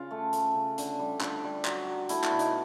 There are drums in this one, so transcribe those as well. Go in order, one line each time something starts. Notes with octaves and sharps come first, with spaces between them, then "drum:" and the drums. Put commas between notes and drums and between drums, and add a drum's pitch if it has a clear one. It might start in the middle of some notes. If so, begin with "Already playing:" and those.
Already playing: C#3 F4
A3
A3, drum: hi-hat
C#3
D3, drum: hi-hat
G3
D3 F4, drum: clap
G3
F#3, drum: clap
F#3
A3 E4, drum: hi-hat
E4, drum: clap
B2
D#4, drum: hi-hat